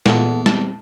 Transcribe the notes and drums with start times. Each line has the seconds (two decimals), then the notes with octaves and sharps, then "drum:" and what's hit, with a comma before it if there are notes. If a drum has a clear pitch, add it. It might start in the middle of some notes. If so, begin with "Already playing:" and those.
0.06 E2 A#2 A4 F#5 A5, drum: snare
0.46 G3 C4 A5, drum: snare